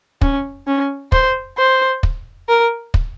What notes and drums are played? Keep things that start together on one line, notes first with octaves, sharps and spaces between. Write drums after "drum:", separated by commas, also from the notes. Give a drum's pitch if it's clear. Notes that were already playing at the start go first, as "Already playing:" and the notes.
C#4, drum: kick
C#4
C5, drum: kick
C5
drum: kick
A#4
drum: kick